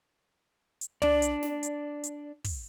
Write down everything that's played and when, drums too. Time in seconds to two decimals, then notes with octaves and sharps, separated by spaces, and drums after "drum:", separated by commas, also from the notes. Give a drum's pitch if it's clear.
0.81 drum: hi-hat
1.02 D4 D5, drum: tom
1.22 drum: hi-hat
1.43 drum: snare
1.63 drum: hi-hat
2.04 drum: hi-hat
2.44 drum: kick, open hi-hat